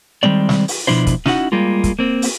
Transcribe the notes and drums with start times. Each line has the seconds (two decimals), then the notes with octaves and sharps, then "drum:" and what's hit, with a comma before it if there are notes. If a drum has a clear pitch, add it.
0.23 D#3 G3 G#3 C4 D5
0.49 drum: snare
0.68 drum: open hi-hat
0.87 B2 D#3 F3 D4 E4 C5
1.07 drum: kick, hi-hat
1.26 C#4 D#4 E4 F#4 F#5, drum: snare
1.52 G3 G#3 A#3 F4
1.84 drum: kick, hi-hat
1.99 A#3 C4
2.22 drum: open hi-hat